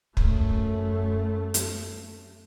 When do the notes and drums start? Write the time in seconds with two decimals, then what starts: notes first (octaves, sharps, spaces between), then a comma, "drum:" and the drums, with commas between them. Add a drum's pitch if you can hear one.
0.17 F#2 A3, drum: kick
1.54 drum: hi-hat